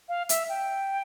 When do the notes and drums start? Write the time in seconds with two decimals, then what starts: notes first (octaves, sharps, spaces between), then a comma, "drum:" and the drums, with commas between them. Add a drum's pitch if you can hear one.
0.09 F5
0.29 E5, drum: hi-hat
0.49 G5